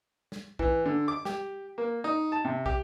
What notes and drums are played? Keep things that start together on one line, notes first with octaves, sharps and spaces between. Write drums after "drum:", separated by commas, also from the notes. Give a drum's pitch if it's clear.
drum: snare
E3, drum: kick
D3
D6
G4, drum: snare
A#3
D#4
A5
C3
G4, drum: kick